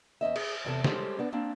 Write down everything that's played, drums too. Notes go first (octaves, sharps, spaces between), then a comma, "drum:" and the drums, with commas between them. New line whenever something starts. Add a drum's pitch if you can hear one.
E2 C#4 D#5 E5
G#4, drum: cymbal
E2 C3 A4
G3 G#3 C#4 G4 A4 C5, drum: snare
B3 D4
A#3 C4 D4